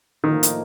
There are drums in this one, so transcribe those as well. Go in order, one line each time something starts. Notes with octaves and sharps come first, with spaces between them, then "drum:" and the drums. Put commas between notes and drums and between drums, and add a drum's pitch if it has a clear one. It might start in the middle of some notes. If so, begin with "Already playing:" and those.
A2 D#3 F3 A#3 D#4
drum: hi-hat